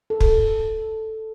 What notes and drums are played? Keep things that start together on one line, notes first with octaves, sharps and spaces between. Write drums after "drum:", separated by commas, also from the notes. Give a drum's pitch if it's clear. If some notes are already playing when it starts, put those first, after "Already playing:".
A4
drum: kick